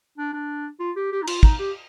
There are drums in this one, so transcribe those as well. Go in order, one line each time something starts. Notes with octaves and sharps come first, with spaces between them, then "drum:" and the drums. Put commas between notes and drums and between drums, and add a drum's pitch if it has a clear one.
D4
D4
F4
G4
G4
D#4
F4, drum: cymbal
D#4, drum: kick
G4